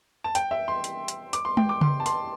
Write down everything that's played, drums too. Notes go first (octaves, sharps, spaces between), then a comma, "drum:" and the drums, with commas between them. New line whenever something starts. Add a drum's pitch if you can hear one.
A5
G5, drum: hi-hat
E5
C6
drum: hi-hat
drum: hi-hat
D6, drum: hi-hat
C6
G5, drum: tom G#3
D6
C6, drum: tom C#3
A5
C6, drum: hi-hat